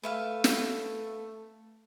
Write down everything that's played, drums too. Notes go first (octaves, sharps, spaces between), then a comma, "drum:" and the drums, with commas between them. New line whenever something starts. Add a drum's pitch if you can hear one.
A3 B4 E5 F5
drum: snare